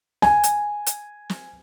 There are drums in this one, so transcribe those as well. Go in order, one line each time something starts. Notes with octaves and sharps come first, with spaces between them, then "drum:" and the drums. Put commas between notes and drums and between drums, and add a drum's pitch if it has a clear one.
G#5, drum: snare
drum: hi-hat
drum: hi-hat
drum: snare